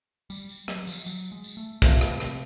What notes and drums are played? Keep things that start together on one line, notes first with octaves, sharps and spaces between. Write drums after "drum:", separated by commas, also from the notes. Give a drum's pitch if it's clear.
G3, drum: tambourine
drum: tambourine
F#3, drum: rim click
F3, drum: tambourine
F#3, drum: tambourine
G#3
drum: tambourine
A3
C#2 C3 F3 A3, drum: kick, tambourine
drum: rim click
drum: rim click